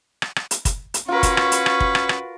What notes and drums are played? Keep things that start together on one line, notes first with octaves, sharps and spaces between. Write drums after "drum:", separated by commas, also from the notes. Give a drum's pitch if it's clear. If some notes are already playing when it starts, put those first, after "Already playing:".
drum: rim click
drum: rim click
drum: hi-hat
drum: kick, hi-hat
drum: hi-hat
C#4 F4 F#4 A#4 B4
drum: kick, hi-hat
drum: rim click
drum: hi-hat
drum: rim click
drum: kick
drum: rim click
drum: rim click